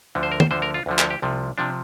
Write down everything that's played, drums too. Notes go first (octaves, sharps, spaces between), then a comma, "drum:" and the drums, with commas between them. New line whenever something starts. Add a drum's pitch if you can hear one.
D2 D3 F3
C5
A#4
C5, drum: tom
D2 D3 F3 C5
A#4
F4
D2 D3 F3
A#4, drum: clap
G4
C2 C3 F3
C3 F3 D4